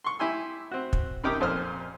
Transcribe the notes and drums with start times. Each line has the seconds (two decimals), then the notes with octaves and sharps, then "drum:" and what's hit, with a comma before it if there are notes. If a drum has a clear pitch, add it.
0.04 C6 C#6
0.19 E4 G4 G#5 C6 E6
0.71 C4 F#4
0.93 drum: kick
1.24 F#2 C3 D#4 G4 A#4 D6
1.40 F2 A#2 C5 D#6 F6